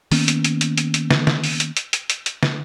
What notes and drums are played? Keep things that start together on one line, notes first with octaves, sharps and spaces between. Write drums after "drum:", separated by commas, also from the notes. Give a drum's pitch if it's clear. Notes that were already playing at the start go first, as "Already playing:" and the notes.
D#3 A#3 B3 C#4, drum: open hi-hat
drum: hi-hat
drum: hi-hat
drum: hi-hat
drum: hi-hat
drum: hi-hat
drum: snare
drum: snare
drum: open hi-hat
drum: hi-hat
drum: hi-hat
drum: hi-hat
drum: hi-hat
drum: hi-hat
drum: snare